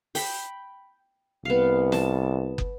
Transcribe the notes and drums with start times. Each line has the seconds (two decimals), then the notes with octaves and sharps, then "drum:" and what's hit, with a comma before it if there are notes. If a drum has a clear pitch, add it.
0.15 G5 B5, drum: open hi-hat
1.45 C2 B3 F5
1.92 A5, drum: snare
2.58 drum: kick